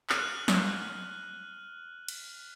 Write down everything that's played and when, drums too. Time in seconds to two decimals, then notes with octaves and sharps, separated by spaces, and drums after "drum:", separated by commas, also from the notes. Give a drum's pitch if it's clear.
0.10 F6 F#6 D#7 F#7, drum: clap
0.48 drum: snare
2.08 drum: cymbal